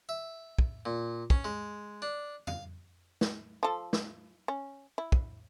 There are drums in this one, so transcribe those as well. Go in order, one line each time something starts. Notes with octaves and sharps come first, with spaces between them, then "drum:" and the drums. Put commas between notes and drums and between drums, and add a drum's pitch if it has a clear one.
E5
drum: kick
A#2
C#4, drum: kick
G#3
D4
F5, drum: tom F2
drum: snare
F3 A4
drum: snare
C#4
E4
drum: kick